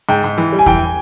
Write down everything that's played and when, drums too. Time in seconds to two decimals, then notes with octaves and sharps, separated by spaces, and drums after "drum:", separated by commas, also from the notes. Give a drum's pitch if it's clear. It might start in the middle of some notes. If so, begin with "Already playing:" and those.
0.09 G#2 G5
0.24 G#2
0.38 E3
0.52 G3
0.59 G#5
0.66 E3 G5, drum: kick E2